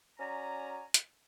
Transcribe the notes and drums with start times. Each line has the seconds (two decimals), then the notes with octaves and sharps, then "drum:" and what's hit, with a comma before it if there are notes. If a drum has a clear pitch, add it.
0.19 C#4 F#4 D5 G#5 A#5
0.94 drum: hi-hat